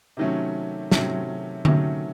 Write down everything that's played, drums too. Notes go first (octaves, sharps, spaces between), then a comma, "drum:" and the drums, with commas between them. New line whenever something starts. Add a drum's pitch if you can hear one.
C3 D#3 F#3 A3 C#4
C3 D#3 F#3 A3 C#4, drum: snare
C3 D#3 F#3 A3 C#4, drum: tom D3